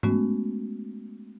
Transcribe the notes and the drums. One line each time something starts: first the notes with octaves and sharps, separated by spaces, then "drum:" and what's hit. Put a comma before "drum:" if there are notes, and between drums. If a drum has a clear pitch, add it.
G#3 A3 B3 C#4 F#4, drum: tom G#2